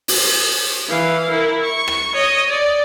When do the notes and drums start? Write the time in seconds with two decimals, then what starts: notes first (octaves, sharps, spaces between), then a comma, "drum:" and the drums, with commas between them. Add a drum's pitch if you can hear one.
0.08 drum: open hi-hat
0.89 E3 F5
1.31 E4 A#4
1.62 C#6
1.88 drum: rim click
2.14 C#5 D#5
2.49 D5